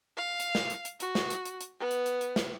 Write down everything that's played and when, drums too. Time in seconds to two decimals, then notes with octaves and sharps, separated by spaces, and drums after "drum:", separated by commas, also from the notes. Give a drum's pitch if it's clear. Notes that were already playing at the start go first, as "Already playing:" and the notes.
0.17 F5
0.40 drum: hi-hat
0.55 drum: snare
0.70 drum: hi-hat
0.85 drum: hi-hat
1.00 F#4, drum: hi-hat
1.15 drum: snare
1.30 drum: hi-hat
1.45 drum: hi-hat
1.61 drum: hi-hat
1.80 B3
1.91 drum: hi-hat
2.06 drum: hi-hat
2.21 drum: hi-hat
2.36 drum: snare